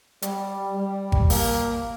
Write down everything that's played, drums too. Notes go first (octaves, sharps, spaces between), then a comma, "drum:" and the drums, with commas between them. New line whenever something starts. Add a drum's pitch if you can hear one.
G3, drum: hi-hat
G3
drum: kick G#1
A#3, drum: open hi-hat